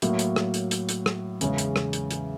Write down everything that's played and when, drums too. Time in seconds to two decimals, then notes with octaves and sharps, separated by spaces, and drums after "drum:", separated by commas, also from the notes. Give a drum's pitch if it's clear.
0.02 A2 F#3 A#3, drum: hi-hat
0.19 drum: hi-hat
0.36 drum: rim click
0.54 drum: hi-hat
0.71 drum: hi-hat
0.89 drum: hi-hat
1.06 drum: rim click
1.41 E2 C#3 E3 G#3 C#4, drum: hi-hat
1.58 drum: hi-hat
1.76 drum: rim click
1.93 drum: hi-hat
2.11 drum: hi-hat